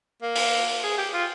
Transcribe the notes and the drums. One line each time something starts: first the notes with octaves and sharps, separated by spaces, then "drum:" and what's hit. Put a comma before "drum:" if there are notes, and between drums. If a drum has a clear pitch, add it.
A#3
drum: open hi-hat
G#4
G4
F4